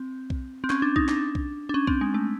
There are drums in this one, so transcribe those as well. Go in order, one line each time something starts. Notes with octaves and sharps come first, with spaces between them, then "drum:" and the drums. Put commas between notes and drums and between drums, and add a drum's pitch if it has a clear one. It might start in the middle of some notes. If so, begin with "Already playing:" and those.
Already playing: C4
drum: kick B1
C4
C#4, drum: clap
D4
D#4, drum: kick B1
D4, drum: clap
drum: kick B1
D4
C#4
C4, drum: kick B1
G#3
A3